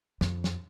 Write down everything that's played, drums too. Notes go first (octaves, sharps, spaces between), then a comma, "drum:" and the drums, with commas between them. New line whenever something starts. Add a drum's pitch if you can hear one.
F2, drum: snare
drum: snare